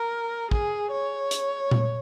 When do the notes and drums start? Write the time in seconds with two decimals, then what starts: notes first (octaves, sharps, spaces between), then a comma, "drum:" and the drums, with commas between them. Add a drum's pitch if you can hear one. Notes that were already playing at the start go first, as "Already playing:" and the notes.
Already playing: A#4
0.51 G#4, drum: kick
0.91 C#5
1.31 drum: hi-hat
1.71 drum: tom A#2